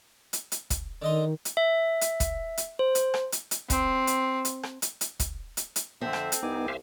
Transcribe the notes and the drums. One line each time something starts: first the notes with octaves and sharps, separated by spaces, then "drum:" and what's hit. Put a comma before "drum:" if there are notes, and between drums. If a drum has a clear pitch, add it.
drum: hi-hat
drum: hi-hat
drum: kick, hi-hat
D3 D#3 D#5 C6
drum: hi-hat
E5
drum: hi-hat
drum: kick, hi-hat
drum: hi-hat
C5
drum: hi-hat
drum: rim click
drum: hi-hat
drum: hi-hat
C4, drum: kick, hi-hat
drum: hi-hat
drum: hi-hat
drum: rim click
drum: hi-hat
drum: hi-hat
drum: kick, hi-hat
drum: hi-hat
drum: hi-hat
F2 D3 C4 A4 E5
drum: rim click
drum: hi-hat
C2 B3 D#4 G#5 D6
C5 E5 F5